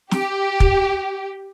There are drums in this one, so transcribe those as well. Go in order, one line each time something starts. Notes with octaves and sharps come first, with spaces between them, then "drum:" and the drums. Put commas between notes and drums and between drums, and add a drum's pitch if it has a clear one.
G4, drum: snare
drum: kick